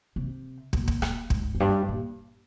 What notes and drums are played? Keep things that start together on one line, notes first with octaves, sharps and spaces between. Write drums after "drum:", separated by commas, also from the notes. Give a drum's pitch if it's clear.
C3
A#2, drum: kick
drum: kick
drum: rim click
G#2, drum: kick
F2
G2
A#2